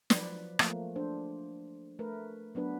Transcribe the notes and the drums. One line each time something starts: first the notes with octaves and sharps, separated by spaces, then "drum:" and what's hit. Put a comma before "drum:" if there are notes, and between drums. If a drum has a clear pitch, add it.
F3 F#3 B4 D5, drum: snare
F3 A3 A#3, drum: rim click
D4 A4 C5
A3 A#4 B4
F#3 B3 D4 B4